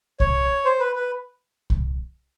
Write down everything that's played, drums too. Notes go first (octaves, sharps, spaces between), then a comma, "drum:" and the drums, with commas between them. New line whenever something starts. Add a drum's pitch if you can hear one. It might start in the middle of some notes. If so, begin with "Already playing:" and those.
C#5, drum: kick C2
C5
B4
B4
drum: kick C2